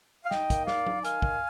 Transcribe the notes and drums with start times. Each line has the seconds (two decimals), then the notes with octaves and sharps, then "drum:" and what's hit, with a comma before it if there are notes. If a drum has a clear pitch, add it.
0.25 F5
0.31 D#4 D#5 G5, drum: snare
0.50 A#3, drum: kick, hi-hat
0.67 D#4 D5 F5, drum: snare
0.87 D#4, drum: tom F#3
1.04 D#3 F5 G#5, drum: hi-hat
1.22 D#3, drum: kick